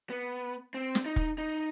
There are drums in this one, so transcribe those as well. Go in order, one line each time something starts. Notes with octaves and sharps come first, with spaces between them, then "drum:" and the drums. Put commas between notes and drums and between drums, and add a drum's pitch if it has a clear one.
B3
C4
drum: snare
D#4
drum: kick
D#4